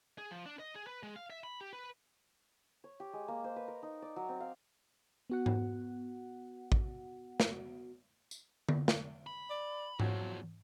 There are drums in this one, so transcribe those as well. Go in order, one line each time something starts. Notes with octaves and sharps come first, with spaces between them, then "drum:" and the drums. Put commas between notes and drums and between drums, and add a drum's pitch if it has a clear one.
G#4
F3
D4
D#5
G#4
B4
G#3
F5
E5
B5
G4
B4
C#5
G4
G#3
A#3
C5
B4
A#4
D#4
D5
F#3
C4
F5
B3 F#4 F#5
drum: tom G#2
drum: kick A1
drum: snare
drum: tambourine
drum: tom D3
drum: snare
B5
D5
E2 F3 F#3, drum: tom G#2